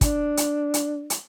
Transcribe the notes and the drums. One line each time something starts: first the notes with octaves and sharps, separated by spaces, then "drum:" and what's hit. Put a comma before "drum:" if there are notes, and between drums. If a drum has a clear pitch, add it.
D4, drum: kick, hi-hat
drum: hi-hat
drum: hi-hat
drum: hi-hat